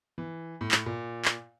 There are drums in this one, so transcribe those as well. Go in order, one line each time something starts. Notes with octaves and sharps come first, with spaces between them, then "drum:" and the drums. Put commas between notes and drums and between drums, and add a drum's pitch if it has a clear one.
E3
A2
drum: clap
A#2
drum: clap